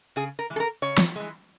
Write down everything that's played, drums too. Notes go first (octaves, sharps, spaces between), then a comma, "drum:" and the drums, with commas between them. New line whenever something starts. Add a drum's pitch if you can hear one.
C#3 G#4
A#4
E3 G#3
A4
A#4
C#3 C#5
drum: snare
E3 G#3